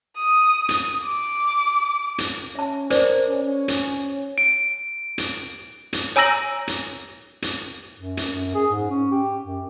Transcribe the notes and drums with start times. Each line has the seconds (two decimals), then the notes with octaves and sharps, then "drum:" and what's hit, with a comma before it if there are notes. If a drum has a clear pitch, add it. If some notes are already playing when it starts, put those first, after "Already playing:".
0.16 D#6
0.69 drum: hi-hat
1.03 D6
2.18 drum: hi-hat
2.55 C#4 E5 A5
2.90 A#4 C5 D5 D6, drum: hi-hat
3.29 C#4
3.68 drum: hi-hat
4.38 D7
5.18 drum: hi-hat
5.93 drum: hi-hat
6.16 C#5 G#5 A#5 E6 A#6 F#7
6.68 drum: hi-hat
7.42 drum: hi-hat
7.97 F#2
8.17 drum: hi-hat
8.32 F#2
8.55 G#4
8.69 G#2
8.90 C#4
9.11 G4
9.44 F#2